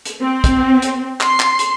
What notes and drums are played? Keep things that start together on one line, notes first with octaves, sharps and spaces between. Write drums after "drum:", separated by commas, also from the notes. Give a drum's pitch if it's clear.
drum: hi-hat
C4
drum: kick, hi-hat
drum: hi-hat
C6, drum: clap
drum: clap
drum: hi-hat